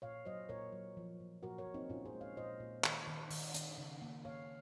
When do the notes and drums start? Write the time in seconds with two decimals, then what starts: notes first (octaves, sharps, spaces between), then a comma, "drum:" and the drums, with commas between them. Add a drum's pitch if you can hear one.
0.02 A#2 C#5 F5
0.25 F#3 C5 D#5
0.49 A#2 A#4 C#5
0.72 F#3
0.97 F3
1.20 A#2
1.43 A#2 F#4 A#4
1.58 A#4 C#5
1.67 A#2
1.74 C4 D#4
1.89 A#2 C#4 F4
2.05 G#4 C5
2.13 G#3
2.21 C#5 F5
2.36 A#2 C5 D#5
2.60 A#2
2.84 D#3, drum: clap
3.07 D#3
3.31 D#3, drum: open hi-hat
3.54 D#3, drum: hi-hat
3.78 C#3
4.02 A#3
4.24 A#3 C#5 F5